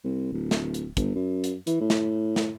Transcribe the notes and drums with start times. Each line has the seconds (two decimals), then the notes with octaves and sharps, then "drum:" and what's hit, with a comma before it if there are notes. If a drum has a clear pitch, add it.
0.04 C2
0.33 D1
0.51 drum: snare
0.74 drum: hi-hat
0.97 G1, drum: kick, hi-hat
1.15 F#2
1.44 drum: hi-hat
1.67 E3, drum: hi-hat
1.81 A2
1.90 drum: snare
2.36 drum: snare